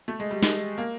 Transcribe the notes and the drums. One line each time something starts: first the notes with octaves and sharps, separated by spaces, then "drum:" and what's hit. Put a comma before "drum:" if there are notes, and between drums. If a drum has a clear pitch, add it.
A3
G#3
G3
G#3, drum: snare
A#3